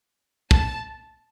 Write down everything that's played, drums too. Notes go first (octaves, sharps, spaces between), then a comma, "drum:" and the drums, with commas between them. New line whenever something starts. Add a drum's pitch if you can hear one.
A5, drum: kick